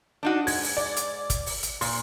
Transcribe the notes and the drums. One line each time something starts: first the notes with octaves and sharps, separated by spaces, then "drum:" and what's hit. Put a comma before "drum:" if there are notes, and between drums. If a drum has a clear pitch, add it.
D4 D#4 F#4
G#2 G#6, drum: open hi-hat
drum: open hi-hat
D5
drum: hi-hat
drum: kick, hi-hat
drum: open hi-hat
drum: hi-hat
A#2 C6, drum: open hi-hat